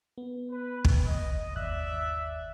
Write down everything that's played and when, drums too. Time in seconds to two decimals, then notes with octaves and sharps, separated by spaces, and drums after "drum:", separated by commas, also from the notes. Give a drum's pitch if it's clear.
0.18 B3
0.50 B4
0.85 drum: kick
1.06 D#5
1.56 G1 D#2 D5 E5 F#6